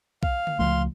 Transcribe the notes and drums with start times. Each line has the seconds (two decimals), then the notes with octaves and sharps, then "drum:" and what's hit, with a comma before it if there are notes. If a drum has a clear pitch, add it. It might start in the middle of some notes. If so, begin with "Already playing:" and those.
0.23 F5, drum: kick B1
0.47 drum: tom D3
0.59 C#2 F3 A3 F5 C6